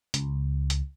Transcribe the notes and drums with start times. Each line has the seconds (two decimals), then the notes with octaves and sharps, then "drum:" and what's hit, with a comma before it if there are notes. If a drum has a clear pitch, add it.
0.14 C#2, drum: hi-hat
0.70 drum: hi-hat